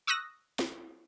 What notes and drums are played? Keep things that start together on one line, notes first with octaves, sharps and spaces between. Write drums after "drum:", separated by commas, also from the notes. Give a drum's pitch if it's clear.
C#6 D#6 E6 F#6 A#6
drum: snare